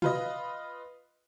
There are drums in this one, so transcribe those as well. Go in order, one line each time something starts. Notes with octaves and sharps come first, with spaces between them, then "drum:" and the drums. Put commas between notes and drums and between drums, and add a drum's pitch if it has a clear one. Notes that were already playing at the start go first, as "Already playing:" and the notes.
F4 B4 D#5, drum: tom